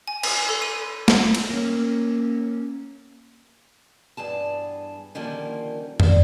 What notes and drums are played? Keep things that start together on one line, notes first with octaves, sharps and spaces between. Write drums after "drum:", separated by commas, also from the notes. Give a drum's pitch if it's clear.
G#5
G#5, drum: cymbal
A4
D#7
drum: snare
drum: cymbal
A#3 C#4
E2 G2 G#4 A5
D3 D#3 F3 G3 A#3 C#4
C5 D5, drum: tom F2